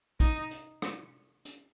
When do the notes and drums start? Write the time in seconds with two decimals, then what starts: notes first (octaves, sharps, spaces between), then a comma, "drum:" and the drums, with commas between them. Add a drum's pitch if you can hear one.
0.20 D#4, drum: kick, hi-hat
0.51 drum: hi-hat
0.82 drum: rim click
1.45 drum: hi-hat